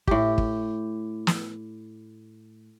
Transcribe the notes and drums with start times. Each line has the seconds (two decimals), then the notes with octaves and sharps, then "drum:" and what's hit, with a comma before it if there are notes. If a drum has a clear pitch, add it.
0.07 A2 G4, drum: kick
0.38 drum: kick
1.27 drum: snare